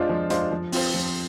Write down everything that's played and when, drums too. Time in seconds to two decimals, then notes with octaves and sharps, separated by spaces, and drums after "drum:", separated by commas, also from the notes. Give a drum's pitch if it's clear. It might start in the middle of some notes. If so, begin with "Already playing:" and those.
Already playing: G#3 D4 F4 C5
0.09 F3
0.30 G#3 D4 F4 C5, drum: hi-hat
0.52 F3
0.72 C4 F4 C5, drum: open hi-hat
0.94 F3